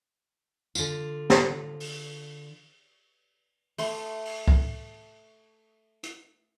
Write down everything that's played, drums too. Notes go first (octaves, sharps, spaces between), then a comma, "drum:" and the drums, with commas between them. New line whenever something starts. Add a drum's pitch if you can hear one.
D3 F4, drum: tambourine
drum: snare
drum: open hi-hat
A3 C6, drum: open hi-hat
drum: open hi-hat
drum: kick
drum: hi-hat